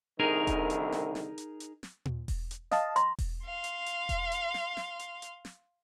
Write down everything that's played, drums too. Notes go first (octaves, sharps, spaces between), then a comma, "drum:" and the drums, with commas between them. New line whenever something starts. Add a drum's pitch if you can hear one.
C2 D3 D#3 D#4 G#4 A#4
drum: kick E1, hi-hat
drum: hi-hat
drum: snare
drum: snare
drum: hi-hat
drum: hi-hat
drum: snare
drum: tom A#2
drum: kick E1, open hi-hat
drum: hi-hat
D#5 F5 A5, drum: snare
A#5 C6, drum: hi-hat
drum: kick E1, open hi-hat
F5 C6
drum: hi-hat
drum: hi-hat
drum: kick E1, hi-hat
drum: hi-hat
drum: snare
drum: snare
drum: hi-hat
drum: hi-hat
drum: snare